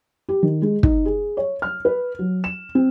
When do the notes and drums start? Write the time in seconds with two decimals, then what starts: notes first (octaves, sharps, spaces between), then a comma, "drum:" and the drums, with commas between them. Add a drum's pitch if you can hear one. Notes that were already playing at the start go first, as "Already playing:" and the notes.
0.29 G4
0.43 D#3
0.62 G#3
0.83 D#4, drum: kick
1.06 G#4
1.37 C#5
1.62 F6
1.85 B4
2.19 F#3
2.44 E7
2.75 C4